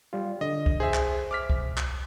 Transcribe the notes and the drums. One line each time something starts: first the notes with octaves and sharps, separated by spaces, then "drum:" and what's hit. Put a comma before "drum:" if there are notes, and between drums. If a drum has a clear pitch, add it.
G3 F4
D3 D#5
drum: kick C2
G#4 C5 E5
drum: clap
D6 F6 B6
drum: kick C2
drum: clap